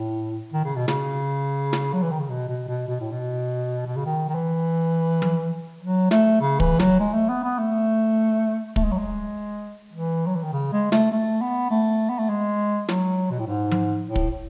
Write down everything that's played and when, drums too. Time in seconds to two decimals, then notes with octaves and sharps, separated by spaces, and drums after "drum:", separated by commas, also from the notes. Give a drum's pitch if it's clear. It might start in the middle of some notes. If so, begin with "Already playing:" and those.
Already playing: A2
0.53 D#3
0.65 C#3
0.76 B2
0.88 C#3, drum: snare
1.73 drum: snare
1.93 F#3
2.03 E3
2.12 D#3
2.20 C#3
2.30 B2
2.49 B2
2.69 B2
2.88 B2
3.00 A2
3.12 B2
3.86 B2
3.96 C#3
4.06 D#3
4.29 D#3
4.35 E3
5.22 drum: tom F3
5.82 F#3
6.11 A3, drum: snare
6.41 C#3
6.60 E3, drum: kick
6.79 F#3, drum: snare
7.00 G#3
7.14 A3
7.29 B3
7.44 B3
7.58 A3
8.76 A3, drum: kick
8.84 G#3
8.91 F#3
8.98 G#3
9.93 E3
10.26 F#3
10.35 E3
10.44 D#3
10.53 C#3
10.72 G#3
10.92 A3, drum: snare
11.12 A3
11.41 B3
11.70 A3
12.09 B3
12.19 A3
12.29 G#3
12.88 F#3, drum: snare
13.31 B2
13.39 A2
13.47 G#2
13.71 drum: tom F3
14.06 A2
14.16 drum: kick